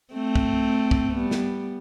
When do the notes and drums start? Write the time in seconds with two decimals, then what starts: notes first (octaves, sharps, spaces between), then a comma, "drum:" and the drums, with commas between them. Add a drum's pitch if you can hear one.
0.14 A3 C4
0.35 drum: kick
0.91 drum: kick
1.14 G3 B3
1.31 drum: snare